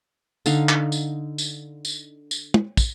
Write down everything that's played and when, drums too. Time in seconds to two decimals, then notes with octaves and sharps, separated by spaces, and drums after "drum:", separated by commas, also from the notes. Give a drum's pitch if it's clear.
0.46 D3 D#4 F5, drum: tambourine
0.69 drum: clap
0.92 drum: tambourine
1.38 drum: tambourine
1.85 drum: tambourine
2.31 drum: tambourine
2.54 drum: tom
2.77 drum: kick, tambourine